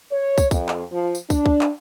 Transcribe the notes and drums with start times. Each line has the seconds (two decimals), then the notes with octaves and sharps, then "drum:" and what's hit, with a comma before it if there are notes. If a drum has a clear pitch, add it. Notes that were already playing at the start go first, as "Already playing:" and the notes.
0.12 C#5
0.38 drum: kick, tambourine
0.51 F2, drum: kick, tambourine
0.68 drum: clap
0.91 F3
1.15 drum: tambourine
1.30 D4, drum: kick, tambourine
1.46 drum: kick
1.61 drum: clap